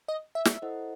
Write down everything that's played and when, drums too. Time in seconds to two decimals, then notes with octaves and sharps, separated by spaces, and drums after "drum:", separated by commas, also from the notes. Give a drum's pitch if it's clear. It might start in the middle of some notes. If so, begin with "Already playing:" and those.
0.08 D#5
0.35 E5
0.45 drum: snare
0.62 E4 A4 C5 D#5 F#5